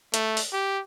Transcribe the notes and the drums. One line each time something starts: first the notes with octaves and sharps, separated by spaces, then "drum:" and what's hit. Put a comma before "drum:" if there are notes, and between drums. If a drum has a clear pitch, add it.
A3, drum: hi-hat
drum: open hi-hat
G4